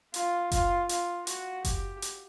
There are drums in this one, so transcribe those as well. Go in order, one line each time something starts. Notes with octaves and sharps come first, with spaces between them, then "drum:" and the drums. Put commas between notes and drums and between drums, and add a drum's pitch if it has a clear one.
F4, drum: hi-hat
F4, drum: kick F#1, hi-hat
F4, drum: hi-hat
F#4, drum: hi-hat
G4, drum: kick F#1, hi-hat
drum: hi-hat